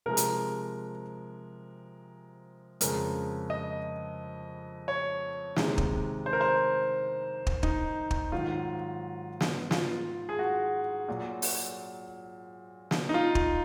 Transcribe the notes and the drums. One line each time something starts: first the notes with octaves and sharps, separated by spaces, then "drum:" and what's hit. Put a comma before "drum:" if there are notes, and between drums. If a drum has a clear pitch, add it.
C3 F3 G#3 A#4
drum: hi-hat
F2 C#3 G#3 A#4, drum: hi-hat
D#5
C#5
C3 D#3 G#3, drum: snare
drum: kick
C5
A#4
C5
drum: kick
D#4, drum: kick
drum: kick
G#2 D#3 F#3 F4
drum: snare
F4, drum: snare
G#4
F#4
A#2 F#3
drum: open hi-hat
drum: snare
D#4
F4
drum: kick